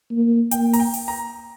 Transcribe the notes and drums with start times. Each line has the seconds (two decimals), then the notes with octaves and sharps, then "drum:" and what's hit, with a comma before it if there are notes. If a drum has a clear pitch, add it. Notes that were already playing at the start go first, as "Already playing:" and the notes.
0.11 A#3
0.51 A#3 G5, drum: hi-hat
0.73 A#5, drum: open hi-hat
0.80 G5
0.94 drum: open hi-hat
1.08 A#5